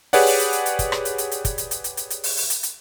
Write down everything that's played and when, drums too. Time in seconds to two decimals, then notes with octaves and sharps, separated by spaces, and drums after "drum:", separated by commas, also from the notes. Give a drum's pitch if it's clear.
0.13 G4 G#4 B4 C#5 D5 F#5, drum: open hi-hat
0.26 drum: open hi-hat
0.39 drum: hi-hat
0.53 drum: hi-hat
0.66 drum: hi-hat
0.79 drum: kick, hi-hat
0.92 drum: rim click
1.05 drum: hi-hat
1.18 drum: hi-hat
1.31 drum: hi-hat
1.45 drum: kick, hi-hat
1.58 drum: hi-hat
1.71 drum: hi-hat
1.84 drum: hi-hat
1.97 drum: hi-hat
2.10 drum: hi-hat
2.24 drum: open hi-hat
2.37 drum: open hi-hat
2.50 drum: hi-hat
2.63 drum: hi-hat